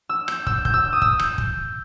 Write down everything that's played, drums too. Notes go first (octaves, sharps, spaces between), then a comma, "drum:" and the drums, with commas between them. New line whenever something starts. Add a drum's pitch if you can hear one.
E6
G6, drum: rim click
E6, drum: kick
G6, drum: kick
E6
D#6
E6, drum: kick
G6, drum: rim click
drum: kick